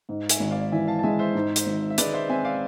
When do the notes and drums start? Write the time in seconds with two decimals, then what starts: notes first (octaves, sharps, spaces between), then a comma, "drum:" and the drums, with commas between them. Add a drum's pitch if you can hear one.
0.09 G#2
0.29 E5 G#5, drum: hi-hat
0.40 G#1
0.51 D5 F5
0.72 E3 E5 G#5
0.88 F5 A5
0.99 A5
1.03 G#3 E5 G#5
1.19 C5 E5
1.35 G#2
1.56 drum: hi-hat
1.67 G#1
1.90 E5
1.98 G#3 B4 D5, drum: hi-hat
2.14 C5 E5
2.29 C4 E5 G#5
2.45 D5 F5